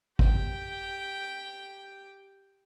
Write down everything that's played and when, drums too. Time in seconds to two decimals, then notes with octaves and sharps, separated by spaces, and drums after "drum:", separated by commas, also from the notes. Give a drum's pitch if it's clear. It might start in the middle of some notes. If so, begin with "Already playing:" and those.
0.19 G4 G5, drum: kick